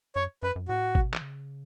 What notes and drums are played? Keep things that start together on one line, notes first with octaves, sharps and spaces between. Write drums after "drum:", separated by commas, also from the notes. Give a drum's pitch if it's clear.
F#2 C#5
F#2 B4
F#2
A2 F#4
B2, drum: kick
E3, drum: clap
C#3